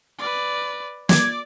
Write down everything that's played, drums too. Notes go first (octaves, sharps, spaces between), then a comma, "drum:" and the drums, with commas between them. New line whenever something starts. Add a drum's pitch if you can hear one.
B4 D5
D5 D6 G#6, drum: snare